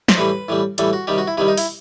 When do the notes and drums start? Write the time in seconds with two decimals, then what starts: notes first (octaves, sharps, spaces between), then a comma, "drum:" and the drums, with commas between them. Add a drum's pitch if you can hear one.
0.08 C5, drum: snare
0.17 A2 E3 G3 B4
0.49 A2 E3 G3
0.78 A2 E3 G3 A4, drum: hi-hat
0.93 F#4
1.07 C3 D#3 G3 G4
1.18 F#4
1.27 E4
1.37 C3 D#3 G3 E4
1.48 D#4
1.57 E4, drum: open hi-hat